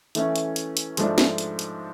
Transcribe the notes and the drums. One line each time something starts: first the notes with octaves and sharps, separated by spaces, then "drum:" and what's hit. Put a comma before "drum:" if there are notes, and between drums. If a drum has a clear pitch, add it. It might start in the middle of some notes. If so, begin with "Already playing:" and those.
E3 A3 C#4, drum: hi-hat
drum: hi-hat
drum: hi-hat
drum: hi-hat
G#2 F3 A3 D4, drum: hi-hat
drum: snare
drum: hi-hat
drum: hi-hat